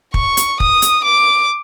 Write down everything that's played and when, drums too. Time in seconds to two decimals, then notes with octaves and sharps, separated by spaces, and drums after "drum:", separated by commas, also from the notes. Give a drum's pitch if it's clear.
0.14 C#6, drum: kick
0.37 drum: hi-hat
0.60 D#6, drum: kick
0.82 drum: hi-hat
1.04 D6